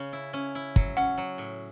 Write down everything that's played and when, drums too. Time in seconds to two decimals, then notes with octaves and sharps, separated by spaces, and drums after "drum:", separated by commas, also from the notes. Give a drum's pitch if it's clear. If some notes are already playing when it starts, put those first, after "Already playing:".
Already playing: C#3 C#4
0.13 E4
0.33 C#4
0.55 E4
0.76 F#3, drum: kick
0.97 C#4 F#5
1.18 F#3
1.38 A2